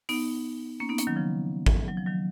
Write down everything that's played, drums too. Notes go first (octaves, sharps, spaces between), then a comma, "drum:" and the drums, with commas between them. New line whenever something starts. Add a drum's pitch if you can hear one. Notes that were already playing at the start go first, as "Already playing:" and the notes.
B3 D#4, drum: open hi-hat
A#3 C#4
B3 D#4
A#3 C#4, drum: hi-hat
D#3 F#3
C#3 F3
drum: kick G#1
F#3
F3
D#3 F#3